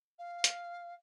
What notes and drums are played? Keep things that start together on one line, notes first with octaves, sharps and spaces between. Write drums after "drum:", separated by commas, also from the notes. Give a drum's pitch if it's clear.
F5
drum: hi-hat